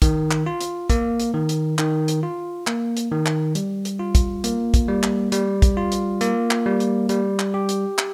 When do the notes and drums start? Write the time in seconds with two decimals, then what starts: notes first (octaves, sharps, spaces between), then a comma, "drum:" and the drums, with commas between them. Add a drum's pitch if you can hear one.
0.02 D#3, drum: kick, hi-hat
0.31 drum: clap
0.46 F4
0.61 drum: hi-hat
0.90 A#3, drum: kick, hi-hat
1.20 drum: hi-hat
1.34 D#3
1.49 drum: hi-hat
1.78 D#3, drum: clap
2.08 drum: hi-hat
2.23 F4
2.67 A#3, drum: clap
2.97 drum: hi-hat
3.12 D#3
3.26 drum: clap
3.55 G3, drum: hi-hat
3.85 drum: hi-hat
4.00 F4
4.15 drum: kick, hi-hat
4.44 A#3, drum: hi-hat
4.74 drum: kick, hi-hat
4.88 G3
5.03 drum: clap
5.32 G3, drum: hi-hat
5.62 drum: kick, hi-hat
5.77 F4
5.92 drum: hi-hat
6.21 A#3, drum: hi-hat
6.51 drum: clap
6.66 G3
6.80 drum: hi-hat
7.09 G3, drum: hi-hat
7.39 drum: clap
7.54 G4
7.69 drum: hi-hat
7.98 drum: clap